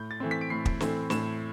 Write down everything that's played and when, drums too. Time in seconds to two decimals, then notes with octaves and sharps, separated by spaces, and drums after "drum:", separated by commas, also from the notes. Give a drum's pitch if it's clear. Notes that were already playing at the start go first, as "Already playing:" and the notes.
Already playing: A2 G6
0.11 A6
0.20 E3 A3 C4
0.31 B6
0.41 D7
0.50 A2 C7
0.65 drum: kick
0.80 E3 A3 C4, drum: snare
1.10 A2 E7, drum: snare